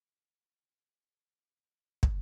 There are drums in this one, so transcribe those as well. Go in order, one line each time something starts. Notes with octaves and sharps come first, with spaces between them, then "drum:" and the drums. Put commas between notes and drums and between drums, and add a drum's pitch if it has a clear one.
F4 G#4
G4
D5 E5 G5
drum: kick